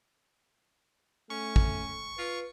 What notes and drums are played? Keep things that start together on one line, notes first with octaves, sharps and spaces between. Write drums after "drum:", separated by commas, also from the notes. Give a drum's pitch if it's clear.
A3 C#4 C#6
drum: kick
F4 B4